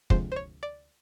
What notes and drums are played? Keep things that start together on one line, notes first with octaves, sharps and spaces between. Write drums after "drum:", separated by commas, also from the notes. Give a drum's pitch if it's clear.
D2 C3 F3 G#3 C5, drum: kick
C5
C#5
D5